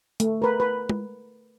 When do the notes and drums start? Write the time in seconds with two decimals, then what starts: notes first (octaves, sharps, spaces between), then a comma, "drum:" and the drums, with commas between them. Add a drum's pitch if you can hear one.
0.20 A3, drum: hi-hat
0.42 A#4 B4
0.60 B4
0.90 drum: tom G#3